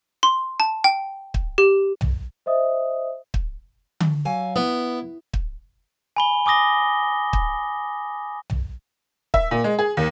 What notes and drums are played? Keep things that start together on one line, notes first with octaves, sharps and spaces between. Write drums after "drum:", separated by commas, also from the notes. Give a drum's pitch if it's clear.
C6
A5
G5
drum: kick
G4
drum: tom
C5 D#5 E5 D#6
drum: kick
drum: tom D3
F#3 F5 G#5
B3 E4
drum: kick
G#5 B5 G7
G#5 D6 D#6 A#6 G7
drum: kick
drum: tom
E5, drum: kick
A#2
G#3
G#4
D#2